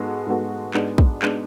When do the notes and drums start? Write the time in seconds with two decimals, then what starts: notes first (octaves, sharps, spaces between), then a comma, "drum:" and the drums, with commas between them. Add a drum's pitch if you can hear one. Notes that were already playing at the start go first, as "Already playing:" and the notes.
Already playing: G#2 G#3 B3 F#4 A4
0.26 G#2 G#3 B3 F#4 A4
0.74 G#2 G#3 B3 D4, drum: clap
0.98 drum: kick
1.22 G#3 B3 D4, drum: clap